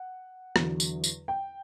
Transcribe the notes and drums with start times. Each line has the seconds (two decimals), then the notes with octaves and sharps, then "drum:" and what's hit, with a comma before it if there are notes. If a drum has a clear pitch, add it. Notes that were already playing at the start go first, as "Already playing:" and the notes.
Already playing: F#5
0.56 E2 D3 F#3, drum: rim click
0.80 drum: tambourine
1.04 drum: tambourine
1.28 G5